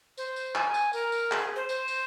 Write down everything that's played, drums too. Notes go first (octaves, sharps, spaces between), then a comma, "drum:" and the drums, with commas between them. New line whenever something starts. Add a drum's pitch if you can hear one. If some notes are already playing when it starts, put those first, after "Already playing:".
C5, drum: tambourine
drum: tambourine
G#5, drum: clap
drum: tambourine
A#4, drum: tambourine
drum: tambourine
G#4, drum: clap
C5
C5, drum: tambourine
drum: tambourine